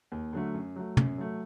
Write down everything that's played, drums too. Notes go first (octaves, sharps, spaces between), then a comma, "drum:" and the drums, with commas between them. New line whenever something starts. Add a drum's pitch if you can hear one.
D#2
D3 F#3 A3
F#2
F#3 A3
F#2, drum: tom
F#3 A3